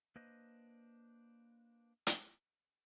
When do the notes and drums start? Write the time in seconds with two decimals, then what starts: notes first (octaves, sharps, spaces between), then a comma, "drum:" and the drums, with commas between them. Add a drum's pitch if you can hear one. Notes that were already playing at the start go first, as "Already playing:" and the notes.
0.16 A#3 D4 B4 C5 D#5
2.07 drum: hi-hat